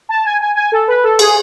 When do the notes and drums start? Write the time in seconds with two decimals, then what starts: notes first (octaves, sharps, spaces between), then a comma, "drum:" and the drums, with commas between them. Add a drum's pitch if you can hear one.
0.09 A5
0.25 G#5
0.41 G#5
0.55 G#5
0.72 A4
0.88 B4
1.03 A4
1.19 G#4, drum: cymbal